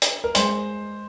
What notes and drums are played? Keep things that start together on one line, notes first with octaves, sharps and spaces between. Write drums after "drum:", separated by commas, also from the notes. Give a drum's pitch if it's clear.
drum: hi-hat
A#4
G#3 C5, drum: hi-hat